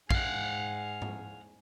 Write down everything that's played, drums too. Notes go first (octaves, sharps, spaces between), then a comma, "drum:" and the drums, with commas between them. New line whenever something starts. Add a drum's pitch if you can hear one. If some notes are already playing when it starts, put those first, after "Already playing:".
G#2 G#4 F5 F#5, drum: kick
drum: tom G#2